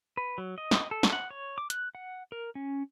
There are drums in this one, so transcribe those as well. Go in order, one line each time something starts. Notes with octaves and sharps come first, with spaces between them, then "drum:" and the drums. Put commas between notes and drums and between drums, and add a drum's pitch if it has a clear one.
B4
F#3
D#5
drum: snare
A4
drum: snare
F#5
C#5
D6
F#6, drum: hi-hat
F#5
A#4
C#4